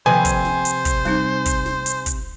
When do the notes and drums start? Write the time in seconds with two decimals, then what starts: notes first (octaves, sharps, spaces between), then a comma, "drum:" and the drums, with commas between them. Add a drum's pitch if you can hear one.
0.06 C3 D#3 F3 A#3 B4 C5 G#5
0.25 drum: kick, hi-hat
0.45 drum: snare
0.65 drum: hi-hat
0.85 drum: kick, hi-hat
1.05 G3 C4 D#4, drum: snare
1.46 drum: kick, hi-hat
1.66 drum: snare
1.86 drum: hi-hat
2.06 drum: kick, hi-hat